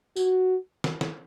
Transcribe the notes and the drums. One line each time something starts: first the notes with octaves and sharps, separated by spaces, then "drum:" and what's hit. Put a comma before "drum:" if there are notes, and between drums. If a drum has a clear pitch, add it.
F#4, drum: tambourine
drum: snare
drum: snare